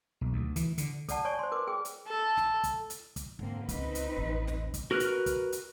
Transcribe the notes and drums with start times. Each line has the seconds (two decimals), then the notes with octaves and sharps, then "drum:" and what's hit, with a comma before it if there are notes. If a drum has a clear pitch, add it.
0.21 B1
0.33 D2
0.56 E3, drum: kick, hi-hat
0.78 D3, drum: hi-hat
1.09 A4 D5 F#5 A5, drum: kick, hi-hat
1.25 C#5 D5 G#5 C#6
1.39 C5 C6
1.52 A#4 B4 D6
1.67 G#4 G5
1.85 drum: hi-hat
2.07 A4
2.37 drum: snare
2.64 drum: kick, hi-hat
2.90 drum: hi-hat
3.16 drum: kick, hi-hat
3.39 G#2 D3 A#3 C4
3.69 C#2 C4 D#4 F4 B4, drum: kick, hi-hat
3.95 drum: hi-hat
4.17 A1 D#2
4.47 drum: snare
4.74 drum: kick, hi-hat
4.91 F#4 A#4 B4 F6 F#6
5.00 drum: hi-hat
5.26 drum: kick, hi-hat
5.52 drum: hi-hat